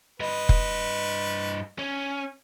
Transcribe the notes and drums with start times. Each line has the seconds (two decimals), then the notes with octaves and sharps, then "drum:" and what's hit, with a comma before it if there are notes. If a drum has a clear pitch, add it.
0.20 G2 B4 D#5
0.49 drum: kick F1
1.79 C#4